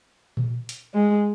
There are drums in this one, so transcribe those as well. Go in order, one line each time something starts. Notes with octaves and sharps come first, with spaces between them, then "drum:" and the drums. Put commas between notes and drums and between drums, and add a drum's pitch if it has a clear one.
drum: tom A#2
drum: hi-hat
G#3